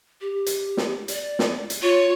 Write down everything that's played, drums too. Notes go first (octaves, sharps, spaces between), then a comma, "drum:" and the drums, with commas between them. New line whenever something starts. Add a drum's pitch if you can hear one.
G4
drum: hi-hat
drum: snare
D5, drum: hi-hat
drum: snare
drum: hi-hat
F4 C#5